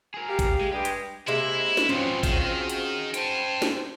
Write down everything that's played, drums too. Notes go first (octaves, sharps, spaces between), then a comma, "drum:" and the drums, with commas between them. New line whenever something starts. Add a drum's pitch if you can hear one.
G#4 A#4
G4 F5
drum: kick A1, hi-hat
G#3
G2 G#3 G4
drum: hi-hat
C3 G#3 A#3 E4 E5
drum: snare
G#2 B2 F3 C4 C#4 F4
D#3 F#4 G#4 F5, drum: kick A1, hi-hat
drum: hi-hat
C5 G5 A5, drum: hi-hat
drum: snare